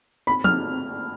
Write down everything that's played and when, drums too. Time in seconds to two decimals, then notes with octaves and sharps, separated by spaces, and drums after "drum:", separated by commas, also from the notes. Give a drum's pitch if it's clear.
0.27 B5
0.44 F6, drum: tom